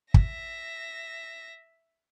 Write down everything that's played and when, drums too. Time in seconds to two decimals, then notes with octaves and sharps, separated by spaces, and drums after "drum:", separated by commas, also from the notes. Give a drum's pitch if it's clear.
0.14 E5 A#6, drum: kick